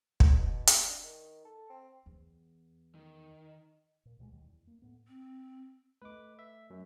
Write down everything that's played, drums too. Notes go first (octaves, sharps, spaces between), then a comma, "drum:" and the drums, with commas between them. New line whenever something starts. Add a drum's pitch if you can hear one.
F#3, drum: kick
B2
drum: hi-hat
D4
D#3
A4
C4
E2
D#3
A#2
C#2 B2 F3 G#3
D#2 D#3 G3
E2
A#3
A2 B3
C4
A3 B4 D#5 D6
E5
F#2